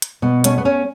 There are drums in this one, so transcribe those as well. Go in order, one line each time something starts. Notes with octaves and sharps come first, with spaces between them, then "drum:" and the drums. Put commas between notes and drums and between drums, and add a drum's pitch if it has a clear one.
drum: hi-hat
B2 B3
A3 C#4, drum: hi-hat
B3
A3 C#4